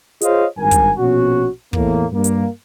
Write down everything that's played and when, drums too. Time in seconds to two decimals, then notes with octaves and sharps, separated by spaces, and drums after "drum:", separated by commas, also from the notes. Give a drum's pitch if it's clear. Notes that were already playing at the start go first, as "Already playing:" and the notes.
0.21 F4 G#4 C5 C#5 D#5 F5, drum: hi-hat
0.58 G#1 G2 A#4 G#5
0.71 drum: kick, hi-hat
0.97 A#1 B2 C#4 F#4
1.73 E2 A2 A#3, drum: kick
2.12 G2 A#3
2.24 drum: hi-hat